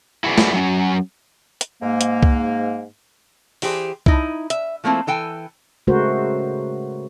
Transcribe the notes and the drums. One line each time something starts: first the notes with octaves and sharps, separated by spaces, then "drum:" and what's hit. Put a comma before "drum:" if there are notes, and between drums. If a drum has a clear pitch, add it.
E4 F#4 G#4 B4 D5
drum: snare
F#3 C#4
drum: hi-hat
G#2 A#3
drum: hi-hat
drum: kick C2
E3 G4 G#4 C5, drum: open hi-hat
D#4 E4, drum: kick C2
E5, drum: hi-hat
F3 A3 A#3 C4 E4
E3 A4 G5 G#5
C#3 G#3 A3 F#4 A#4 C5